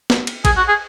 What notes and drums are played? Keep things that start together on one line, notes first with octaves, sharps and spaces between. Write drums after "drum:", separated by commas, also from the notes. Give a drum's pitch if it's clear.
drum: snare
drum: cymbal
G#4, drum: kick A1, cymbal
F#4
G#4